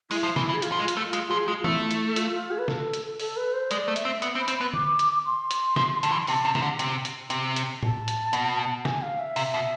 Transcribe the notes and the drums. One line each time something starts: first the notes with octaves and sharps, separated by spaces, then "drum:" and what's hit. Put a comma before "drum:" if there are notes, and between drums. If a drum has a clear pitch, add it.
G#3 E4, drum: open hi-hat
F3
E3, drum: snare
E3
G#4
F4, drum: hi-hat
F3
G#3
F4, drum: hi-hat
A3
G#3 F4, drum: hi-hat
F3 G#4
G#3 F4
A3 E4, drum: tom E3
drum: hi-hat
F4, drum: hi-hat
F4
G#4
B4
A4, drum: snare
drum: hi-hat
A4, drum: open hi-hat
B4
C5
G#3 D5, drum: hi-hat
A3
E5, drum: hi-hat
C4
B3, drum: hi-hat
C4
B5
C4, drum: hi-hat
B3 B5
D6, drum: tom D3
drum: hi-hat
C6
drum: hi-hat
F3, drum: snare
D3, drum: hi-hat
E3
C3 A5, drum: open hi-hat
C3
C3, drum: snare
D3
C3, drum: hi-hat
drum: hi-hat
C3, drum: hi-hat
drum: hi-hat
A5, drum: tom A2
drum: hi-hat
B2, drum: hi-hat
G#5, drum: snare
F5
E5
C3, drum: open hi-hat
B2